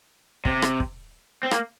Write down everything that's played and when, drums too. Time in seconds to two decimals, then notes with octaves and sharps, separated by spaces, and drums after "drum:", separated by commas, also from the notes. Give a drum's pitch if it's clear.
0.45 C3, drum: kick
0.62 drum: rim click
0.80 drum: kick
1.43 C4
1.51 A#3, drum: rim click